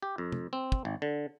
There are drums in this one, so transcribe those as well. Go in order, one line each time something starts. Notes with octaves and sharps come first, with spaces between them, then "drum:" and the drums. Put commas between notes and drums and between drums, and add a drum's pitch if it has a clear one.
G4
F2
drum: tom
C4
drum: kick
G#1
D3